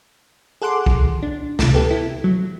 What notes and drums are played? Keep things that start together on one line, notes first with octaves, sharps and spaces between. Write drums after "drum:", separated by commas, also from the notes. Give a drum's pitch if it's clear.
G#4 A4 F#5 C6 D6
drum: kick
D4
C#2 C3, drum: snare
B3 G4 A4
E4
F#3